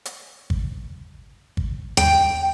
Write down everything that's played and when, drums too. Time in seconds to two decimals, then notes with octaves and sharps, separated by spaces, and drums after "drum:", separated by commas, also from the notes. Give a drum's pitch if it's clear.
0.05 drum: hi-hat
0.50 drum: kick
1.57 drum: kick
1.97 G5, drum: tom D#2